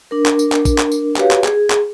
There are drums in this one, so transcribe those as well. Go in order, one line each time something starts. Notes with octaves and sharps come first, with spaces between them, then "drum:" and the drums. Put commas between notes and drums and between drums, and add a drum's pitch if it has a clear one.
D4 A#4
drum: clap
drum: tambourine
drum: clap
drum: kick, tambourine
drum: clap
drum: tambourine
F#4 G4 B4 C#5 F5, drum: clap
drum: clap
G#4, drum: clap
drum: clap